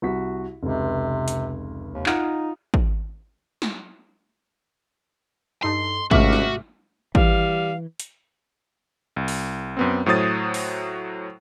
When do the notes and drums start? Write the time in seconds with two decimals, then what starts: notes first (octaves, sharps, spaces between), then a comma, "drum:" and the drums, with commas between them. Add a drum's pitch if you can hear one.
0.02 C2 F#4 B6
0.63 F1 C#2 C3
1.28 drum: hi-hat
1.94 D#2
2.06 D#4 F4 F#5 F6, drum: clap
2.74 drum: kick
3.62 drum: snare
5.63 G2 D#4 A4 C6
6.11 C#2 G#2 C3 A3 F#4 E5 D6 F6, drum: kick
6.33 drum: snare
7.15 E3 G3 F5, drum: kick
8.00 drum: hi-hat
9.16 C2
9.28 drum: open hi-hat
9.77 F#2 B3 C4
10.06 A2 F#3 C5 D#6 A6
10.54 drum: open hi-hat